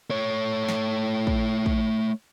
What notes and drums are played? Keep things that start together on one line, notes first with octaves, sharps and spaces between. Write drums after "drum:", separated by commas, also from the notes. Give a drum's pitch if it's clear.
A3 C#5
drum: snare
drum: kick
drum: kick